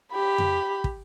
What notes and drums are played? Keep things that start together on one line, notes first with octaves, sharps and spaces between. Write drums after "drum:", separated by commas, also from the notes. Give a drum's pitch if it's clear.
G4 B5
drum: tom F2
drum: kick